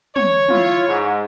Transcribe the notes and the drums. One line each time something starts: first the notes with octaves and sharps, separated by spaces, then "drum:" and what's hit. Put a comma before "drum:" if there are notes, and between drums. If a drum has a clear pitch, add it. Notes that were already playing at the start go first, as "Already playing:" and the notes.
C#5, drum: tom
E4 F4, drum: tom
G#2